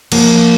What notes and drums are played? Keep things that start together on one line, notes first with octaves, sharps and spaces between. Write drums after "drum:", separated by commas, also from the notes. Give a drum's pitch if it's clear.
F3 A#3, drum: cymbal